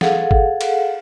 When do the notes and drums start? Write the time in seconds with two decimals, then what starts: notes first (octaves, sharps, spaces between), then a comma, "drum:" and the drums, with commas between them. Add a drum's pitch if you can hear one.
0.01 G#4 A4 F5 F#5, drum: snare
0.31 drum: kick
0.61 drum: cymbal